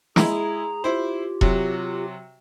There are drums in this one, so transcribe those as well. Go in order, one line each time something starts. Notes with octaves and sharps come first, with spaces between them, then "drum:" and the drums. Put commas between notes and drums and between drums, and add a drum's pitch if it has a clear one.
G#3 E4 G#4 A#5, drum: snare
E4 F4 G4 C5
C3 F#3, drum: kick E1